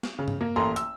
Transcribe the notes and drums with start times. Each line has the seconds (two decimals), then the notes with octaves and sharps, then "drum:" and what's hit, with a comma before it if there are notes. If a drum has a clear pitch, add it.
0.03 drum: snare
0.19 C#3
0.28 drum: tom G2
0.41 A#3
0.56 A1 A#3 A4 A#5 C6
0.76 E6, drum: hi-hat